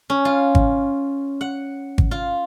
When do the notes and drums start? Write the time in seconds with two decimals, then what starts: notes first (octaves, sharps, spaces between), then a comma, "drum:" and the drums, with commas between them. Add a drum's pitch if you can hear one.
0.10 C#4
0.25 F4
0.55 drum: kick G#1
1.41 F#5
1.98 drum: kick G#1
2.11 F4